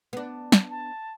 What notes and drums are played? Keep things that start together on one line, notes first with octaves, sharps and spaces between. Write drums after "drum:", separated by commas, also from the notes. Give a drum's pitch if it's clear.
B3 D4
drum: snare
A5